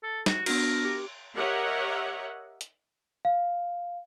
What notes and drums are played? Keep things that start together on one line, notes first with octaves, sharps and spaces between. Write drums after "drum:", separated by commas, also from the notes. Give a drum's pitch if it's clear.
A4
F#4, drum: snare
B3 D4 F#4 A#4, drum: cymbal
G4
G4 A#4 C#5 D#5 E5 F#5
drum: hi-hat
F5